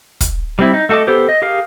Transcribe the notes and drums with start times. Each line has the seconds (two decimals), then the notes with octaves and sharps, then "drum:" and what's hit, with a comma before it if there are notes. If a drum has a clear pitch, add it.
0.21 drum: kick, hi-hat
0.59 G3 C4 E4
0.74 D#4
0.89 A3 F#4 A4 D#5 D6
1.07 B3 G4 A4 C5
1.29 D#5
1.42 G4 G#4 A#4 F5